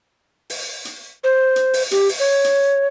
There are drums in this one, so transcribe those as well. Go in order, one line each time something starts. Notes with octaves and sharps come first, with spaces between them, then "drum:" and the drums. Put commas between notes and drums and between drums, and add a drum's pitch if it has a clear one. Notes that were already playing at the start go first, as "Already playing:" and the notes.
drum: open hi-hat
drum: hi-hat
C5
drum: hi-hat
drum: open hi-hat
G4, drum: hi-hat
drum: open hi-hat
C#5
drum: hi-hat